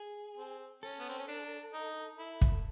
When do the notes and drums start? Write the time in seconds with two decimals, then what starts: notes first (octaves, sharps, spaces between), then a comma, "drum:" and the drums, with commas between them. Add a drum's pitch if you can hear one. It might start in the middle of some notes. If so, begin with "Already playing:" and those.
Already playing: G#4
0.37 C4
0.83 C#4 A4
1.00 B3
1.09 C4
1.19 C#4
1.28 D4
1.74 D#4
2.19 E4
2.41 drum: kick